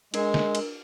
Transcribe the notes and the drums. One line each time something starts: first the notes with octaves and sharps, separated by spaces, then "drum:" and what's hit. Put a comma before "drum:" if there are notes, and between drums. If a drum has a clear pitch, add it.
G#3 D4 A#4, drum: cymbal
drum: snare
drum: cymbal